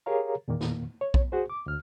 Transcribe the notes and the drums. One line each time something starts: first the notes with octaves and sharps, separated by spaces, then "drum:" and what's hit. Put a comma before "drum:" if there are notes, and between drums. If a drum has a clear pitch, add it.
G4 G#4 A#4 C#5 F5 A#5
E2 A#2 D#3 A#3
drum: snare
C#5
drum: kick B1
F#4 G#4 C5
D6
D2 F6